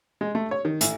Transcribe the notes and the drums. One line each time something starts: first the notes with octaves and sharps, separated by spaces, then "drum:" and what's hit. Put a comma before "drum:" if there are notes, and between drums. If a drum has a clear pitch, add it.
G#3
A3
C#5
D#3
A1, drum: hi-hat